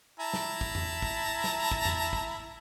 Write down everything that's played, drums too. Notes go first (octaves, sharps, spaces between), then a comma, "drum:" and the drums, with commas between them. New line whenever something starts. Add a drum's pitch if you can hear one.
E4 A5 A#5
drum: snare
drum: kick
drum: tom E2
drum: kick
drum: snare
drum: kick
drum: tom E2
drum: kick